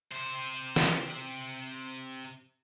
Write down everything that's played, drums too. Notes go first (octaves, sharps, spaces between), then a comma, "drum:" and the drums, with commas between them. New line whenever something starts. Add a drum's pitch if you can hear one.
C3 C5
drum: snare